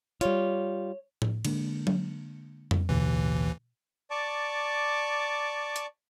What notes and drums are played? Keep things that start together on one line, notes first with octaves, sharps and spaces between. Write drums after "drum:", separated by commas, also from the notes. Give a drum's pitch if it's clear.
G3 F4 C#5, drum: hi-hat
drum: tom A2
D3 G#3 A#3, drum: cymbal
drum: tom F#3
drum: tom F2
A1 D#2 B2 D3 E3
D5 A5 C#6 D6
drum: hi-hat